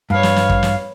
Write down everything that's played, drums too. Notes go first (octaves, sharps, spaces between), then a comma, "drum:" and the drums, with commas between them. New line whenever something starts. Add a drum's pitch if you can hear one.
G2 B4 C#5 F5
drum: snare
drum: snare
drum: kick
drum: snare